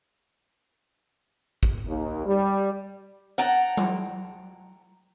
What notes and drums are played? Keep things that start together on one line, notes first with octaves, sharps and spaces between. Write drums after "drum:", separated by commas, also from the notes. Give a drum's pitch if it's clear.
drum: kick
D#2
G3
F#5 G5 A5 A#5
drum: tom F#3